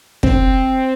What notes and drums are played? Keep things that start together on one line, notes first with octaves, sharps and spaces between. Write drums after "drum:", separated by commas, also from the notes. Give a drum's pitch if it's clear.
C4, drum: kick